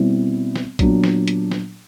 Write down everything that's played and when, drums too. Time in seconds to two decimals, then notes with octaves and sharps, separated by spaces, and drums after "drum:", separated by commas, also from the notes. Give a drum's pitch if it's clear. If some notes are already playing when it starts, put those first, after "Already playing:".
Already playing: B2 G3 C4 E4
0.56 drum: snare
0.79 A#2 F#3 B3 D4, drum: kick B1, hi-hat
1.04 drum: snare
1.28 drum: hi-hat
1.52 drum: snare